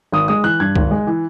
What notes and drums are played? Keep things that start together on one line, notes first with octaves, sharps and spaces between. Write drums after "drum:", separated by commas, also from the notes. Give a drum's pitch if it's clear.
G#1 D#6
G#3 D#6
E3 F#6
G2 G#6
G#1, drum: kick
G#3
E3